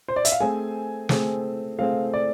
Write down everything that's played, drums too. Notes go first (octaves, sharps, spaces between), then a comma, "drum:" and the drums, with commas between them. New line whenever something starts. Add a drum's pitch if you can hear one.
C5
D5
E5, drum: hi-hat
F5
A3 C4 G#4 C5 G#5
A3 C4 G#4 C5, drum: snare
A3 C4 G#4 C5 F5
D5